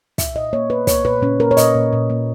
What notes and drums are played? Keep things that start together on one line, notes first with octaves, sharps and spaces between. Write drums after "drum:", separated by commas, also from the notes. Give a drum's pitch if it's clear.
A#2 E5, drum: kick, hi-hat
A#2 D#5
A#3 C#5
A#2 B4
A#3 C#5, drum: kick, hi-hat
A#2 B4
A#2 C#4
A#3 A#4
C#5
A#2 D#5, drum: hi-hat
A#2
A#2
A#3